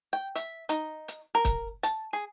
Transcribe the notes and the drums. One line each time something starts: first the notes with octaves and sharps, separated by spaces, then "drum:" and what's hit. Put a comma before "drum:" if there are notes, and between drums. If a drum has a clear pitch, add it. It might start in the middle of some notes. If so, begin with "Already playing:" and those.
G5
E5, drum: hi-hat
D#4, drum: hi-hat
drum: hi-hat
A#4
drum: kick, hi-hat
A5, drum: hi-hat
G#4